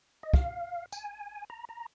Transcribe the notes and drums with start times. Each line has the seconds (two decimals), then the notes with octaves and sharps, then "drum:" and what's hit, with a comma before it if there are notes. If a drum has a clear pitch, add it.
0.23 D#5
0.34 F5, drum: kick
0.92 G#5, drum: tambourine
1.50 A#5
1.69 A#5